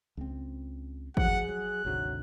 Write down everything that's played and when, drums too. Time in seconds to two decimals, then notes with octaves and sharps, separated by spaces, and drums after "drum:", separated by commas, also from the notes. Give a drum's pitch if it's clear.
0.17 C#2 C4
1.17 F3 F#3 G#4 F#5, drum: kick
1.48 F#3 F#6
1.85 G#1 D2 C3 F#3